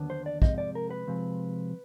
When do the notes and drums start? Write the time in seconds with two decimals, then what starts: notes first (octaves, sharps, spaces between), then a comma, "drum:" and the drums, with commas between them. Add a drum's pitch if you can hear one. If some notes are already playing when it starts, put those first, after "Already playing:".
Already playing: D#2 D3 F#3 B3 D4
0.10 C5
0.26 D5
0.42 C3 F3 G#3 C4 D#5, drum: kick
0.58 D5
0.75 A#4
0.91 B4
1.07 C3 F3 G#3 C4